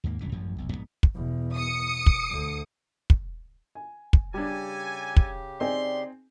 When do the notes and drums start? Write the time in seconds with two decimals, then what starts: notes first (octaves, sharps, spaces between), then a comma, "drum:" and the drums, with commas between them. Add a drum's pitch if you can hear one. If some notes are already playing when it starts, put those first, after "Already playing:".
0.04 D#2 G#2 A#3
0.20 G1 C2 F#2 E3
0.32 A1 F#2 A2 F3
0.58 F1 B1
0.70 A#1 F2 G#2 B3
1.03 drum: kick
1.14 E2 B2
1.55 D#6 C#7
2.06 drum: kick
2.30 D2 D3
3.10 drum: kick
3.75 G#5
4.13 drum: kick
4.34 C#3 G3 D4 G4 A4 G#5
5.16 drum: kick
5.61 C4 D#4 G#4 D5 C6